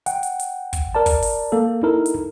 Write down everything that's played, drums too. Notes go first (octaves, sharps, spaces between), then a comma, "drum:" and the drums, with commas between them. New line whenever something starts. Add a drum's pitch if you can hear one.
F#5 G5, drum: hi-hat
drum: hi-hat
drum: hi-hat
drum: kick, hi-hat
A#4 D5 A5
drum: kick, open hi-hat
drum: open hi-hat
A#3 A4
D#4 E4 A4 A#4
drum: hi-hat